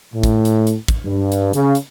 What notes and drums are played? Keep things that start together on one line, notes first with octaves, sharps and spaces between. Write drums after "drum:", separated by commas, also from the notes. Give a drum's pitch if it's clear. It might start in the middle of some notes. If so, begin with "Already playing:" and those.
A2
drum: kick, hi-hat
drum: hi-hat
drum: hi-hat
drum: kick, hi-hat
G2
drum: hi-hat
C#3, drum: hi-hat
drum: hi-hat